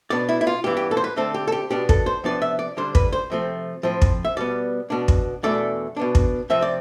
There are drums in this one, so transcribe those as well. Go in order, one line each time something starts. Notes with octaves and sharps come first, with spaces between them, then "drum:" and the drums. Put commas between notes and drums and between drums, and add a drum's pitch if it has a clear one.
B2 B3 D4 D5
E4
E4
F4
G2 E3 B3 G4
G4
A4
C5
B4
D3 A3 C4 A4
G4
A4
G4
B2 B3 D4 G4
A4, drum: kick
C5
C3 F3 B3 D4 D5
E5
D5
D3 G3 D4 C5
B4, drum: kick
C5
C3 F3 A3 C4
A2 F3 C4
drum: kick
E5
B2 G3 B3 D5
B2 B3 D4
drum: kick
E2 B2 A3 D4 D5
B2 B3 D4
drum: kick
F2 C3 F3 C4 E5
D5